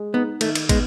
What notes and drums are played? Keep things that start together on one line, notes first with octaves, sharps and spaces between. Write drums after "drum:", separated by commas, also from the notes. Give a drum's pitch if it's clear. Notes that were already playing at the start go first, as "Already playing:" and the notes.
Already playing: G#3
B3 D#4
D#3 A3, drum: cymbal
drum: cymbal
G#3 B3, drum: kick, cymbal